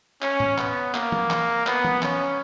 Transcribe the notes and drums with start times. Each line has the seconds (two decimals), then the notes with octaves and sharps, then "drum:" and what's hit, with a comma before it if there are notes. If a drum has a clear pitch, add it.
0.22 C#4, drum: clap
0.40 drum: tom G#2
0.58 B3, drum: clap
0.94 A#3, drum: clap
1.12 drum: tom E3
1.30 drum: clap
1.67 B3, drum: clap
1.85 drum: tom E3
2.02 C#4, drum: clap